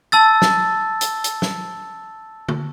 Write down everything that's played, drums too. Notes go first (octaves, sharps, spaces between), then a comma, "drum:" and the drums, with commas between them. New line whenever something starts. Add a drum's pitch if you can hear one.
A5 E6 A6
drum: snare
drum: hi-hat
drum: hi-hat
drum: snare
drum: tom D3